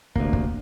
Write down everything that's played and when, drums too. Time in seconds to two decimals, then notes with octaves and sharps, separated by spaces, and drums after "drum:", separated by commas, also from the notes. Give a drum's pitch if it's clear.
0.16 D2 C3 A#3, drum: kick
0.33 drum: kick